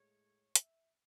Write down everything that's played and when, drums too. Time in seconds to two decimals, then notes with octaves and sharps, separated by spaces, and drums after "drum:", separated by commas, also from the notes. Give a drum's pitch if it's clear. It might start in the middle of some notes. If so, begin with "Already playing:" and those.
Already playing: A2 G#3 C#5
0.56 E5, drum: hi-hat